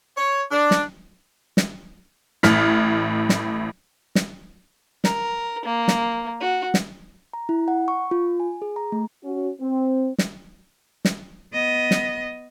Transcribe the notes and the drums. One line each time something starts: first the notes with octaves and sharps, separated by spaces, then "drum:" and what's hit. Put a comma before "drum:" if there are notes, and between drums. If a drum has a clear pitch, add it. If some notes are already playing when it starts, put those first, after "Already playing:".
C#5
D4
drum: snare
drum: snare
A1 A2 F6 B6, drum: snare
drum: snare
drum: snare
A#4, drum: snare
A#3
drum: snare
F#4
drum: snare
A#5
E4
F#5
C#6
F4
G#5
G#4
A#5
A3
C#4 F#4
C4
drum: snare
drum: snare
B3 D#5
drum: snare